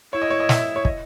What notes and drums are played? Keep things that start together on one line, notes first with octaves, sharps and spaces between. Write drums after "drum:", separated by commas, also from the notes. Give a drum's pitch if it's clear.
E4 C#5
D#5
C#5
D#5
E5, drum: snare
C#5
D#5, drum: kick